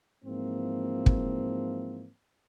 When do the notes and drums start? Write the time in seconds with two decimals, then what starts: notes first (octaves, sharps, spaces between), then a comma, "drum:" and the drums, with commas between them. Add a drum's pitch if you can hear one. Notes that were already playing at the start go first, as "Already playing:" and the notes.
0.24 G#2 E3 F3 A#3 C4
1.06 drum: kick